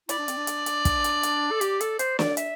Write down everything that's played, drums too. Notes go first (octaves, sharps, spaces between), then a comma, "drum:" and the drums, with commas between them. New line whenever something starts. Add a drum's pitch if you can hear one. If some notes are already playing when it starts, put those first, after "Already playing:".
E4 D5, drum: hi-hat
D4
C4, drum: hi-hat
D4
drum: hi-hat
drum: hi-hat
drum: kick, hi-hat
drum: hi-hat
drum: hi-hat
A4
G4, drum: hi-hat
A4, drum: hi-hat
C5, drum: hi-hat
D5, drum: snare
E5, drum: hi-hat